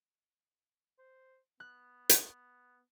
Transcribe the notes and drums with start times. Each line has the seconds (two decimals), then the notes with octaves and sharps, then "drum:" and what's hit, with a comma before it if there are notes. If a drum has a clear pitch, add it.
0.98 C5
1.60 B3 F#6
2.09 drum: hi-hat